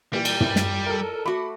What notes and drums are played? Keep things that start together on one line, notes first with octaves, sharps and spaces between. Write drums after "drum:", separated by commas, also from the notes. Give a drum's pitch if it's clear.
A#2 E3 G3 G4
drum: cymbal
drum: tom
drum: snare
A4 A#4
A3 F#4 B5 D6